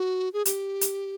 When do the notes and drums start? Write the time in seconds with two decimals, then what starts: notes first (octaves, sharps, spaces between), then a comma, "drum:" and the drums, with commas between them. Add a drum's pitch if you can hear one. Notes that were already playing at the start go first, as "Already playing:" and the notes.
Already playing: F#4
0.33 G#4
0.45 G4, drum: hi-hat
0.81 drum: hi-hat